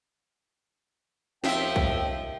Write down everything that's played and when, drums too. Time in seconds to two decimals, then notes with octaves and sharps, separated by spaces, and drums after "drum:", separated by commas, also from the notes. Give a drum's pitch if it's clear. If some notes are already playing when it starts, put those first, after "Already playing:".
1.44 D#2 F3 E5 G5, drum: snare
1.76 drum: kick B1